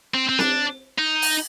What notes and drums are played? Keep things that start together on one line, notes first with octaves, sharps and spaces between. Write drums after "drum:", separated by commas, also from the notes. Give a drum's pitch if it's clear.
C4
C4
D4, drum: snare C4
D#4
drum: open hi-hat